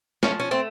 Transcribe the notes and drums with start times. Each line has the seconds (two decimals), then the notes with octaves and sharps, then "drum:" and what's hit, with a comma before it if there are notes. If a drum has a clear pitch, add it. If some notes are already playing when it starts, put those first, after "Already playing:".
0.23 F3 C#4, drum: snare
0.40 C#4
0.51 A3 C4